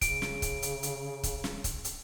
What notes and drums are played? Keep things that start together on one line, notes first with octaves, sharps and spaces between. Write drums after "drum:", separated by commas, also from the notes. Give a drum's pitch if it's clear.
C#3 D7, drum: kick, hi-hat
drum: snare
drum: kick, hi-hat
drum: hi-hat
drum: hi-hat
drum: kick, hi-hat
drum: snare
drum: kick, hi-hat
drum: hi-hat